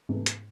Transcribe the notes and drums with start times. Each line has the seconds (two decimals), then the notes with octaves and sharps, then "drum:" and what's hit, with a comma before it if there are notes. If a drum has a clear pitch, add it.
0.09 G#2 C3 E3 A3
0.26 drum: hi-hat